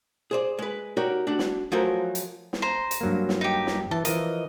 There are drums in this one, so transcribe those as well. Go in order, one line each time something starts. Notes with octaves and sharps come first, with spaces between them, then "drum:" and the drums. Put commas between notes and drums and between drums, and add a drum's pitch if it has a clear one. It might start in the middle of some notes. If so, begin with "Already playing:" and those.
G#4 C5 D5
G#3 B4
D#4 F#4 G4 A#4 C#5 D5
A3 D4 F#4
drum: snare
F3 F#3 A3 C#4 A#4 C5
drum: hi-hat
drum: snare
C5 A#5
drum: hi-hat
G2 F#3 A#3
drum: snare
D#4 G4
drum: snare
E3 A5
E3 F3 A#4 D#5, drum: hi-hat